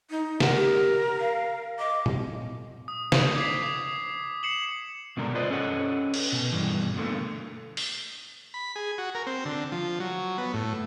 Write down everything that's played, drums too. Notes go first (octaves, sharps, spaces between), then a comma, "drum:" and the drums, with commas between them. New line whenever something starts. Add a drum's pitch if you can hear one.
D#4
A#4 F#5, drum: snare
G4
F5
D#5 D6
drum: tom A#2
D#6
drum: snare
D6 D#6 G#6 B6 C7
C7 C#7 E7 F#7
B2 D3 G#3 D4 A#4
F4 B4 C5 D5 D#5
C#4 A4 C#5 D#5 F5 F#5
drum: cymbal
B2
G2 B2 E3
B2 D3 A3 A#3
drum: open hi-hat
B5
G#4
F#4
A#4
C4
D3
F3
F#3
B3
A2